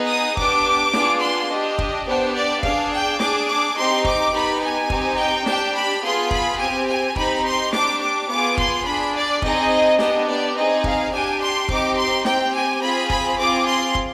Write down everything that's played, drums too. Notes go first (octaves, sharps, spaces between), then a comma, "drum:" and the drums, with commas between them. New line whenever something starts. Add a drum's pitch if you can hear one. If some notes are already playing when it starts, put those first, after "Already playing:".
Already playing: B3 D#4 G#4
D#6
B3 D4 G4 D6, drum: kick
B3 D4 F4 G#4, drum: snare
C6
D4 G4 D#5
drum: kick
B3 D4 G4 C5
D5
D4 G#4 F5, drum: kick
G5
D4 G#4 D6, drum: snare
D6
C4 D#4 G4 C6
D6, drum: kick
B3 D#4 G4 B5
G#5
C4 D#4 G4, drum: kick
G5
D4 G4 G5, drum: snare
B5
B3 F4 G#4 C6
B5, drum: kick
C4 G4 G#5
G#5
C4 D#4 G4 B5, drum: kick
C6
D4 G4 D6, drum: snare
D6
B3 F4 G#4 D6
C6, drum: kick
D4 G#4 B5
D5
C4 D#4 G#4 D#5, drum: kick
B3 D4 G4 D#5, drum: snare
D5
C4 D#4 G#4 D#5
F5, drum: kick
D4 G4 G#5
C6
C4 D#4 G4 D6, drum: kick
C6
C4 G4 G5, drum: snare
G#5
C4 F4 G#4 B5
B5, drum: kick
C4 F4 G#4 D6
C6
drum: kick